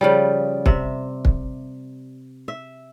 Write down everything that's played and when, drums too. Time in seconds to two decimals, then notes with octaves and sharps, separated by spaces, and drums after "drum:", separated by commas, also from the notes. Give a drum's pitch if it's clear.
0.01 C#3 F3 G3
0.66 C3 E5, drum: kick
1.25 drum: kick
2.48 E5